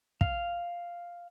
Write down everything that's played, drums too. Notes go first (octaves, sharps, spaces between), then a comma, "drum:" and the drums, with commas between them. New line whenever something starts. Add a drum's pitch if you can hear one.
F5, drum: kick